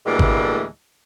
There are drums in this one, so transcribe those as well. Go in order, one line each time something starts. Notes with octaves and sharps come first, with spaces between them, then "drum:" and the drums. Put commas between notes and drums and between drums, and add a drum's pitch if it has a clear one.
D2 A2 E3 G3 G#3 A#3
drum: kick G#1